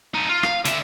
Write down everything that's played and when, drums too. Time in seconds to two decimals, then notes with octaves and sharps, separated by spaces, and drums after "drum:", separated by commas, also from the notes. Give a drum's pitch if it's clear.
0.14 D#4 A4
0.29 F4
0.43 F5, drum: rim click
0.65 D3 E5, drum: hi-hat